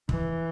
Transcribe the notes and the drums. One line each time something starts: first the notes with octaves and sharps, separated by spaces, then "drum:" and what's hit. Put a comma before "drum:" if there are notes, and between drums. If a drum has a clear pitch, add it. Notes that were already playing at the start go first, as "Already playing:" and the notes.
E3, drum: kick